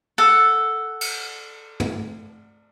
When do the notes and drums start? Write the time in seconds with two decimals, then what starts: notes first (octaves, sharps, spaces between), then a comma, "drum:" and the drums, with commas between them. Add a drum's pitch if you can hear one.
0.18 A4 F#5
1.01 drum: cymbal
1.80 drum: tom